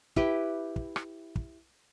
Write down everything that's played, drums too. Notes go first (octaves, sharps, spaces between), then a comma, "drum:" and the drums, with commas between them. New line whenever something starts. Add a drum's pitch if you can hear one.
E4 G4 B4 G5, drum: kick
drum: kick
drum: rim click
drum: kick